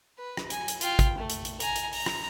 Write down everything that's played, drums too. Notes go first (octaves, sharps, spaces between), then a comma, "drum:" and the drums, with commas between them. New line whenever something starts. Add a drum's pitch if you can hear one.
B4
drum: rim click
G#5, drum: hi-hat
drum: hi-hat
F4 G5, drum: hi-hat
drum: kick, hi-hat
A3
drum: hi-hat
drum: hi-hat
G#5 A#5, drum: hi-hat
drum: hi-hat
A#5, drum: open hi-hat
drum: rim click